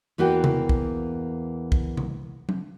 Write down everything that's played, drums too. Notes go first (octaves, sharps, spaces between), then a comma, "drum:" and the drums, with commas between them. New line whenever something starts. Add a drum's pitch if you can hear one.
E2 E3 A#3 F#4 G5
drum: tom C3
drum: kick
drum: kick
drum: tom C3
drum: tom F#3